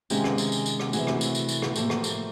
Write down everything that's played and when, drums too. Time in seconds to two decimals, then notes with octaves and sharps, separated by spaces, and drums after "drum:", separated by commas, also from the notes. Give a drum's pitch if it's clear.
0.10 C3 D#3 G#3 C#4 F4 G4, drum: tambourine
0.24 drum: rim click
0.38 drum: tambourine
0.52 drum: tambourine
0.66 drum: tambourine
0.80 drum: rim click
0.89 G4
0.93 C3 E3 A3 F#4 G#4, drum: tambourine
1.07 drum: rim click
1.21 drum: tambourine
1.35 drum: tambourine
1.49 drum: tambourine
1.62 drum: rim click
1.76 A2 F3 A#3 G4 A4, drum: tambourine
1.90 drum: rim click
2.04 drum: tambourine